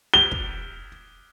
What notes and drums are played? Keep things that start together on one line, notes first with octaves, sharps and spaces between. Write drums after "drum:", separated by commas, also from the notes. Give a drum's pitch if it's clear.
G7
drum: kick